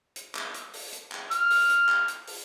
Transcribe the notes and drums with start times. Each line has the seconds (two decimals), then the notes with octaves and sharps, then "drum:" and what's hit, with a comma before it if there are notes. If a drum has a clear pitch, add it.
0.16 drum: hi-hat
0.35 drum: clap
0.54 drum: hi-hat
0.73 drum: open hi-hat
0.93 drum: hi-hat
1.12 drum: clap
1.31 F6, drum: hi-hat
1.50 drum: open hi-hat
1.70 drum: hi-hat
1.89 drum: clap
2.08 drum: hi-hat
2.27 drum: open hi-hat